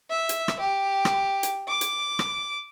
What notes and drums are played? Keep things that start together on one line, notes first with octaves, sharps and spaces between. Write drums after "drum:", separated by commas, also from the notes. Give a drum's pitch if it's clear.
E5
drum: hi-hat
drum: rim click
G4
drum: rim click
drum: hi-hat
D6
drum: hi-hat
drum: rim click